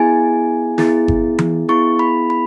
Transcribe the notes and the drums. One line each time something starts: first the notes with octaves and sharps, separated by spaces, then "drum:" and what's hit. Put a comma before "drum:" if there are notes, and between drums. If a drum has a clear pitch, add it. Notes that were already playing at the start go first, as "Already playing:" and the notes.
Already playing: B3 E4 G#4 G#5
B3 E4 G#4, drum: snare
drum: kick G1
drum: tom E3
B3 E4 G#4 C#6
B5
B5